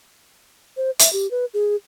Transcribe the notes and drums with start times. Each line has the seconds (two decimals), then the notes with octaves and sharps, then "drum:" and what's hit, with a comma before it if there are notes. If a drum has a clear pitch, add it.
0.77 C5
0.99 E5, drum: hi-hat
1.13 G4
1.31 B4
1.54 G#4